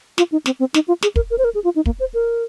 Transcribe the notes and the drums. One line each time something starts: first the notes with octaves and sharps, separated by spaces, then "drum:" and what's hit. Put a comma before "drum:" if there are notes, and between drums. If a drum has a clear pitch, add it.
F4, drum: snare
D#4
C4, drum: snare
C4
D#4, drum: snare
F4
G#4, drum: snare
A#4, drum: kick
A#4
C5
A#4
G#4
F4
D#4
A#3, drum: kick
C5
A#4